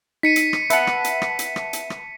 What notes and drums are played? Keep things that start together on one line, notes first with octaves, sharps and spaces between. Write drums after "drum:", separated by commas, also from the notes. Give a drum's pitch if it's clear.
D#4 B6 C#7 D#7
drum: hi-hat
drum: rim click
B4 E5 F#5 A5, drum: hi-hat
drum: rim click
drum: hi-hat
drum: rim click
drum: hi-hat
drum: rim click
drum: hi-hat
drum: rim click